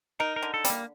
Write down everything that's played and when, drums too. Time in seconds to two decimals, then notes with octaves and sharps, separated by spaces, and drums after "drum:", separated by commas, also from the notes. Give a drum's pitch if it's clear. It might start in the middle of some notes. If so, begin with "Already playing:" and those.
0.20 D#4 A#4
0.36 A#4
0.42 D3
0.54 A4
0.65 G3 C4, drum: hi-hat
0.70 A#3